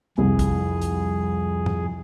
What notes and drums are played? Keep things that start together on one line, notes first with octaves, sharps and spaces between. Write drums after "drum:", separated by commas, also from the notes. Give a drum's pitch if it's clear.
C2 F2 G#4
drum: kick, hi-hat
drum: hi-hat
drum: tom